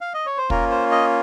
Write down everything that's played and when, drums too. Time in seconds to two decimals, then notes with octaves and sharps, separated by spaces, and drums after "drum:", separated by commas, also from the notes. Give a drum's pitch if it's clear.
0.01 F5
0.14 D#5
0.26 C#5
0.38 C5
0.50 A#3 C#4 F4 A#4, drum: kick
0.70 C5
0.91 D#5